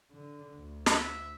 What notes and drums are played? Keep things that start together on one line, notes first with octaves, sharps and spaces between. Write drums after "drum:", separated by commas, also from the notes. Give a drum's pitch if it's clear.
D3
D2
drum: snare
E5